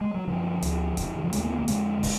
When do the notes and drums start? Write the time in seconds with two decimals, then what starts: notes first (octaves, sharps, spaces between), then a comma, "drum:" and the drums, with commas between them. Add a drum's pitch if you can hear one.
0.01 G#3
0.14 F#3
0.27 F#2 D3 F3
0.62 D2 D3, drum: hi-hat
0.97 F2 D3, drum: kick, hi-hat
1.15 D#3
1.24 F3
1.33 D#2 D3 G#3, drum: hi-hat
1.44 A#3
1.50 B3
1.59 A#3
1.68 F2 D3 G#3, drum: hi-hat
2.03 D3, drum: kick, open hi-hat